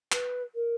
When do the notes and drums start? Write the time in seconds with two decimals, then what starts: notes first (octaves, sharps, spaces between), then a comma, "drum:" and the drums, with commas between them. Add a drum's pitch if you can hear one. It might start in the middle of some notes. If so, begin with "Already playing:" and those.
0.12 B4, drum: clap
0.54 A#4